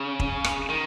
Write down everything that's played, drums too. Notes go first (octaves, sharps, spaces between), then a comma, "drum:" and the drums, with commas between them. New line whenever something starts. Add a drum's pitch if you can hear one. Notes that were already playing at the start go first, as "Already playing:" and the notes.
Already playing: C#3
drum: kick
drum: rim click
D#3